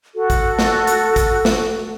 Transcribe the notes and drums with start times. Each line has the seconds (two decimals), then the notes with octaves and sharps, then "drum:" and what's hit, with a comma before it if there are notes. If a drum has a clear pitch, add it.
0.15 F#4 A4
0.30 drum: kick, hi-hat
0.59 drum: snare
0.87 drum: hi-hat
1.16 drum: kick, hi-hat
1.45 drum: snare